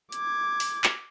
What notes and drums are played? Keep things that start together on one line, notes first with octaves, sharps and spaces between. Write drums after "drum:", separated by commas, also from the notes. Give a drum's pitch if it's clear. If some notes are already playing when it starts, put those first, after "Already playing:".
D6 G#6, drum: hi-hat
drum: open hi-hat
drum: clap